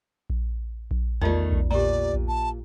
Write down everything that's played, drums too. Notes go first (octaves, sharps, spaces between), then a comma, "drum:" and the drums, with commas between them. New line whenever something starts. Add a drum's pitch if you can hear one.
drum: kick A#1
drum: kick A#1
E2 D#3 A3 D#4 F4 D5
drum: kick A#1
A#2 G4 D5 A#5
drum: kick A#1
A5